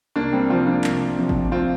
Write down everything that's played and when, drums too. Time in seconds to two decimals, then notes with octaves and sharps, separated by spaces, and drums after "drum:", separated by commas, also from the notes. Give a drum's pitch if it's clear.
0.16 C2 A#3 D4
0.33 G3 C4
0.49 C3 F3 C4 F4
0.66 A#3 D4
0.84 C2, drum: clap
1.18 C3 F3
1.29 drum: kick G#1
1.52 C4 F4